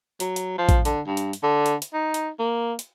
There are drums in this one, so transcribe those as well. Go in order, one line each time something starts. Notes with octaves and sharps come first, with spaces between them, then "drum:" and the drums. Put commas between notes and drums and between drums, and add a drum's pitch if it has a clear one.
F#3, drum: hi-hat
drum: hi-hat
F3
drum: kick A1, hi-hat
D3, drum: hi-hat
G2
drum: hi-hat
drum: hi-hat
D3
drum: hi-hat
drum: hi-hat
D#4
drum: hi-hat
A#3
drum: hi-hat